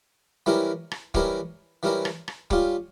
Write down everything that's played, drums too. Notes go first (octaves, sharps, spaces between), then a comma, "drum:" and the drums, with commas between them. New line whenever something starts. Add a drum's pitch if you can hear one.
E3 G3 C#4 E4 A#4
drum: rim click
E3 G3 C#4 E4 A#4, drum: kick
E3 G3 C#4 E4 A#4
drum: rim click
drum: rim click
G3 C#4 F4, drum: kick